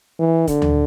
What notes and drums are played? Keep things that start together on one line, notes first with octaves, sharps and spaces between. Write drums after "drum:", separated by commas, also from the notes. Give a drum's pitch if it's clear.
E3
D3, drum: kick, hi-hat
drum: tom D2